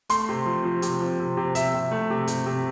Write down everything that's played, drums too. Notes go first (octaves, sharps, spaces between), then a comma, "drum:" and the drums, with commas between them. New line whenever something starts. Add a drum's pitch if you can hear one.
A3 C6, drum: hi-hat
C3
F3
F3
C3, drum: hi-hat
F3
C3
C3
C3 E5, drum: hi-hat
C3
A3
C3
C3, drum: hi-hat
C3